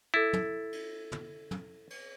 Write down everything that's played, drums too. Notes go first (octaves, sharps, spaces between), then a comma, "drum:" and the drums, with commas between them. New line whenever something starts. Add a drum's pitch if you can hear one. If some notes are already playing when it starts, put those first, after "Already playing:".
E4 A4 A6
drum: tom
drum: cymbal
drum: tom
drum: tom
drum: cymbal